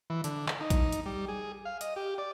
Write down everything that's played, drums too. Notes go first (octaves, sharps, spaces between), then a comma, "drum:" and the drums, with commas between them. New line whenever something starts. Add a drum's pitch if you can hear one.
E3
D3, drum: hi-hat
drum: clap
D#4
drum: kick A#1, hi-hat
drum: hi-hat
G3
G#4
F5
D#5, drum: hi-hat
G4
D5